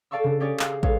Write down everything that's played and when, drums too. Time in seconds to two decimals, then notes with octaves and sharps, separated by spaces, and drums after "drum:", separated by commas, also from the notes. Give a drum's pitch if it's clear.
0.11 A4 D5 F5 A5 C#6 E6
0.24 C#3 D4
0.40 C#4 G4 G#4 C#5 D5
0.59 F5, drum: clap
0.83 G#3 A4 B4 C#5 F5, drum: kick